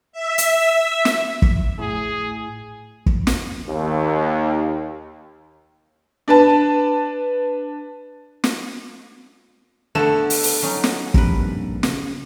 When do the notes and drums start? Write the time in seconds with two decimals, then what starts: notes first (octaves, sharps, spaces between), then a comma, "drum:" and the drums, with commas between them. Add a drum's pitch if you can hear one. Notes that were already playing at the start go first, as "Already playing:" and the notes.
0.12 E5
0.38 drum: hi-hat
1.05 drum: snare
1.42 drum: kick
1.79 A2 G#4
3.06 drum: kick
3.27 drum: snare
3.67 D#2
6.28 D4 B4 A5
8.44 drum: snare
9.95 D3 A3 B3 A4 E7
10.30 drum: open hi-hat
10.43 drum: open hi-hat
10.62 F#3 C#4 D#4
10.84 drum: snare
11.14 A#1 G2 C3 A#4 B4, drum: kick
11.83 C#3, drum: snare